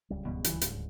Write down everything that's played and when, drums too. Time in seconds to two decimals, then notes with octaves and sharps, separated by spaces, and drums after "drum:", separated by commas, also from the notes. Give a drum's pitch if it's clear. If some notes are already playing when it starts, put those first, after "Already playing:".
0.10 D1 C#2 G3
0.25 E2 G#2 B2
0.44 D2 E3, drum: hi-hat
0.61 D2 G#2, drum: hi-hat